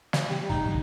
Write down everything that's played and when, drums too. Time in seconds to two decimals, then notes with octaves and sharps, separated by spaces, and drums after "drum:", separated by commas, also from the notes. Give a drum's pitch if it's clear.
0.13 drum: snare
0.30 G3
0.49 E1 A1 G#2 D#4
0.69 C2 D3 F#3